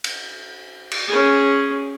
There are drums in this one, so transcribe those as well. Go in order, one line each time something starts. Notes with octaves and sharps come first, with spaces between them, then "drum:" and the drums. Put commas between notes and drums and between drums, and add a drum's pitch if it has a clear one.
drum: cymbal
drum: cymbal
C#4 G#4